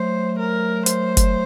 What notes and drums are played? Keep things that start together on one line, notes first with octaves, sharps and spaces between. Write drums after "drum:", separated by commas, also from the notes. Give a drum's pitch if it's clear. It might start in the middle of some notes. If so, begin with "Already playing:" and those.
Already playing: F#3 A3 C5
A#4
C5, drum: hi-hat
drum: kick F#1, hi-hat